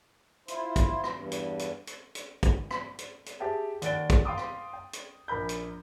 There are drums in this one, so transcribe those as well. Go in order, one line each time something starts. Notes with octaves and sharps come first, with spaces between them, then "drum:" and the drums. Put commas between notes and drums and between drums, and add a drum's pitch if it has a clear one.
E4 F4 C5, drum: hi-hat
drum: kick, hi-hat
drum: rim click
E2 G2
drum: hi-hat
drum: hi-hat
drum: hi-hat
drum: hi-hat
drum: kick, hi-hat
drum: rim click
drum: hi-hat
drum: hi-hat
G4 G#4 E5 G5 A5
D#2 D5 F#5 A6 D7 G7, drum: hi-hat
drum: kick, hi-hat
F5 G5 C6 D6 D#6
drum: rim click
G5
drum: hi-hat
A#1 A#4 B5 G6
drum: hi-hat